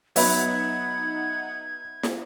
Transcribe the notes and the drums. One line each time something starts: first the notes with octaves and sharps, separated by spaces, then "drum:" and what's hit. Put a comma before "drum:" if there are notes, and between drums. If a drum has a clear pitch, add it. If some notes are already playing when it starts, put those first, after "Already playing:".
F#3 B3 D#4 E5 F#5 B5 G#6, drum: open hi-hat
drum: snare